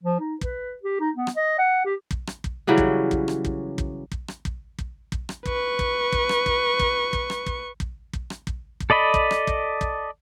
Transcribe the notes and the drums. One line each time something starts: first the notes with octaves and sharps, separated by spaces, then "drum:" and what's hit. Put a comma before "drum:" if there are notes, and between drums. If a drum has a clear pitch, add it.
F3
D#4
B4, drum: kick
G4
D#4
B3
drum: rim click
D#5
F#5
G4
drum: kick
drum: rim click
drum: kick
C#3 E3 F#3 G3
drum: kick
drum: kick
drum: rim click
drum: kick
drum: kick
drum: kick
drum: rim click
drum: kick
drum: kick
drum: kick
drum: rim click
B4 C#6, drum: kick
drum: kick
drum: kick
drum: rim click
drum: kick
drum: kick
drum: kick
drum: rim click
drum: kick
drum: kick
drum: kick
drum: rim click
drum: kick
drum: kick
A4 D5 D#5 B5
drum: kick
drum: rim click
drum: kick
drum: kick